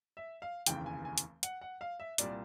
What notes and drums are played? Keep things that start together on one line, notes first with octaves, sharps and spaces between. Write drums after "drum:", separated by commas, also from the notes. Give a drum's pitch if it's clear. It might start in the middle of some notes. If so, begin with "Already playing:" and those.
E5
F5
F1 D#2 C#3 E3 G5, drum: hi-hat
G#5
G#5
drum: hi-hat
F#5, drum: hi-hat
F#5
F5
E5
C2 A#2 G3 D5, drum: hi-hat